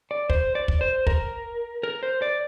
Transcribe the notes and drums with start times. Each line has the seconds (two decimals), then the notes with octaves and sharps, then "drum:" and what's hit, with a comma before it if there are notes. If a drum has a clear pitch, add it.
0.11 D5
0.30 C5, drum: kick
0.55 D5
0.68 drum: kick
0.81 C5
1.07 A#4, drum: kick
1.83 A#4
2.03 C5
2.22 D5